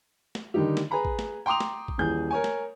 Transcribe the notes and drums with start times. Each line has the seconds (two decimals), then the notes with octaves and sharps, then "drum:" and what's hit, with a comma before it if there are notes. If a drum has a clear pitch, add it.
0.35 drum: snare
0.54 D3 D#3 G3 D#4 G4
0.77 drum: snare
0.91 G#4 B4 A#5 B5
1.05 drum: kick
1.19 drum: snare
1.46 G5 A#5 C6 D6 D#6 F7
1.60 drum: snare
1.88 drum: kick
1.98 D#1 E3 G#4 G6
2.31 A#4 C#5 G#5
2.44 drum: snare